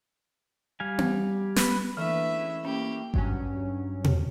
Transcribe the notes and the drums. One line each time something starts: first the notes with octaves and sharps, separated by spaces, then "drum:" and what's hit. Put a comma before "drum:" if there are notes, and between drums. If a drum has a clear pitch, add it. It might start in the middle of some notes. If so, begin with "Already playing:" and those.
G3 F5 G#5
drum: tom B3
B3 B4, drum: snare
D3 E3 A3 A#3 E4 B4 E5
G#3 C#4
A#3 C#4 G4
G2 F#3 C#4, drum: kick G#1
drum: tom